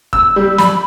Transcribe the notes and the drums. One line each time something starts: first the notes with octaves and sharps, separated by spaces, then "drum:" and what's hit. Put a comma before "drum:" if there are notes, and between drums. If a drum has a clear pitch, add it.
E6, drum: kick F1
G3
B5, drum: snare